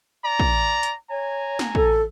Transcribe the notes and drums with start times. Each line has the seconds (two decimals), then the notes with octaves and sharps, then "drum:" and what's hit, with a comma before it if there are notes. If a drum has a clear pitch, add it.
0.24 D5 A#5
0.40 drum: kick
0.83 drum: hi-hat
1.10 C#5 G#5 A#5
1.59 drum: snare
1.75 A4, drum: kick